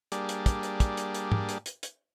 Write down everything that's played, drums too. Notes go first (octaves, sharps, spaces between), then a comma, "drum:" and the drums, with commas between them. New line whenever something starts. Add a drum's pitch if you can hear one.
G3 A#3 D4 G4 G#4, drum: hi-hat
drum: hi-hat
drum: kick, hi-hat
drum: hi-hat
drum: kick, hi-hat
drum: hi-hat
drum: hi-hat
drum: tom
drum: hi-hat
drum: hi-hat
drum: hi-hat